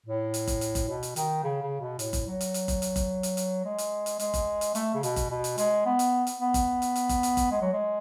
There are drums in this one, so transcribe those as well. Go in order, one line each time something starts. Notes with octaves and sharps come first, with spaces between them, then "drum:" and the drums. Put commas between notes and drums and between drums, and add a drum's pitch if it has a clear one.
A2
drum: hi-hat
drum: kick F#1, hi-hat
drum: hi-hat
drum: kick F#1, hi-hat
B2
drum: hi-hat
D#3, drum: hi-hat
C#3
C#3
B2
A2, drum: hi-hat
drum: kick F#1, hi-hat
F#3
drum: hi-hat
drum: hi-hat
drum: kick F#1, hi-hat
drum: hi-hat
drum: kick F#1, hi-hat
drum: hi-hat
drum: hi-hat
G#3
drum: hi-hat
drum: hi-hat
G#3, drum: hi-hat
drum: kick F#1, hi-hat
drum: hi-hat
A3, drum: hi-hat
C#3
B2, drum: hi-hat
drum: kick F#1, hi-hat
B2
drum: hi-hat
G#3, drum: hi-hat
B3
drum: hi-hat
drum: hi-hat
B3
drum: kick F#1, hi-hat
drum: hi-hat
drum: hi-hat
drum: kick F#1, hi-hat
drum: hi-hat
drum: kick F#1, hi-hat
G#3
F#3
G#3